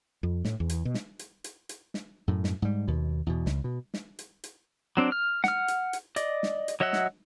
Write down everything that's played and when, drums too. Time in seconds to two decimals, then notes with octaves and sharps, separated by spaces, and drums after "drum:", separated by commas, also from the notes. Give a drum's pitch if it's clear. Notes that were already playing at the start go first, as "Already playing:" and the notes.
0.23 F2
0.45 A2, drum: snare
0.60 E2
0.69 drum: hi-hat
0.85 B2
0.94 drum: snare
1.19 drum: hi-hat
1.44 drum: hi-hat
1.69 drum: hi-hat
1.94 drum: snare
2.28 F#2 A2
2.44 drum: snare
2.62 G#2 G3
2.87 D#2 B2
3.26 E2 B2
3.46 C#2, drum: snare
3.64 B2
3.94 drum: snare
4.19 drum: hi-hat
4.44 drum: hi-hat
4.97 F#3 C4 D4
5.12 F6
5.44 F#5 F6, drum: snare
5.68 drum: hi-hat
5.93 drum: hi-hat
6.16 D5 D#5, drum: hi-hat
6.43 drum: snare
6.68 drum: hi-hat
6.80 F#3 C#5 D#5 E5 F#5
6.93 drum: snare